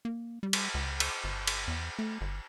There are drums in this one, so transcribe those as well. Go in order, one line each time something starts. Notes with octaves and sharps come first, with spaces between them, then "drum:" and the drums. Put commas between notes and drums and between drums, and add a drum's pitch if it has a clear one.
A#3
G3
drum: cymbal
C#2
drum: cymbal
G1
drum: cymbal
E2
A3
G1